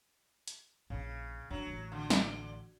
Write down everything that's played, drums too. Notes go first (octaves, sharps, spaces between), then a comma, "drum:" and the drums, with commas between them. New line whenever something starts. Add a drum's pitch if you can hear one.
drum: hi-hat
A#1 C#3
F#3 D4
A1
D3
drum: snare